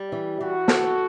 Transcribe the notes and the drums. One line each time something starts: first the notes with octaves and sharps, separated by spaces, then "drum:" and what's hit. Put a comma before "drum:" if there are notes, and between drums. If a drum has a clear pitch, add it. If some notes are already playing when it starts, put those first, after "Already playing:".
Already playing: G3
E3
E3 F#4
A4, drum: snare